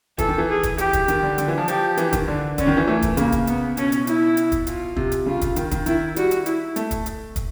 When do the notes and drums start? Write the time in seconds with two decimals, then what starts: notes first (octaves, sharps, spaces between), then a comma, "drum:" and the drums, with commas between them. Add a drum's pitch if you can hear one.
0.18 E3 A4, drum: kick, hi-hat
0.28 D#3
0.38 E3
0.48 G#4
0.63 drum: kick, hi-hat
0.78 G4, drum: hi-hat
0.93 drum: kick, hi-hat
1.08 D#3, drum: hi-hat
1.23 D3
1.38 D3, drum: hi-hat
1.48 E3
1.58 F3
1.68 F3 G4, drum: hi-hat
1.97 E3, drum: hi-hat
2.13 D#3, drum: kick, hi-hat
2.27 D3 D4
2.58 D3 C#4, drum: kick, hi-hat
2.67 D#3
2.77 E3
2.87 E3 A3
3.02 drum: kick, hi-hat
3.17 C#3 A#3, drum: hi-hat
3.32 drum: kick, hi-hat
3.47 B3, drum: hi-hat
3.77 B2 C#4, drum: hi-hat
3.92 drum: hi-hat
4.07 E4, drum: hi-hat
4.37 drum: hi-hat
4.52 drum: kick, hi-hat
4.67 F4, drum: hi-hat
4.96 C3, drum: kick
5.12 drum: hi-hat
5.26 C#3 F4
5.41 drum: kick, hi-hat
5.56 D#3, drum: hi-hat
5.71 D#3, drum: kick, hi-hat
5.86 D#3 E4, drum: hi-hat
6.16 G3 F#4, drum: hi-hat
6.31 drum: hi-hat
6.46 E4, drum: hi-hat
6.76 A3, drum: hi-hat
6.91 drum: kick, hi-hat
7.06 drum: hi-hat
7.36 drum: kick, hi-hat